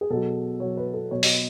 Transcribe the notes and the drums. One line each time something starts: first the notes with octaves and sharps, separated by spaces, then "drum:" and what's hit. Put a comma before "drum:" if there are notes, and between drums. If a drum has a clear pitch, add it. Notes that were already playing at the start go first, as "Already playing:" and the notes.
G#4
B2 F#3 A4
B2 F#3 C#5
B4
A4
B2 F#3 C#5
D#5, drum: open hi-hat